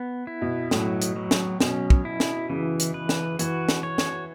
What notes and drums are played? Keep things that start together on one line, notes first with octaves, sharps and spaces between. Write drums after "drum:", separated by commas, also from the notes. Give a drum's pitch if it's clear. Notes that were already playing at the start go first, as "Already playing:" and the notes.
Already playing: B3
E4
B2
A2 F#3, drum: snare
drum: hi-hat
F#3
drum: snare
B2 C#4, drum: snare
drum: kick
E4
drum: snare
C#3 E3
drum: hi-hat
B4
drum: snare
E3 F#4, drum: hi-hat
drum: snare
C#5
drum: snare